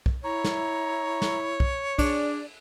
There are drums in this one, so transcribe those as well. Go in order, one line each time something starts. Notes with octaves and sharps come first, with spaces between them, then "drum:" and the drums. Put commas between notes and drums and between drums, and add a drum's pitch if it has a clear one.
drum: kick
E4 C#5 A#5
drum: snare
drum: snare
drum: kick
D4 G#4 D5, drum: kick, cymbal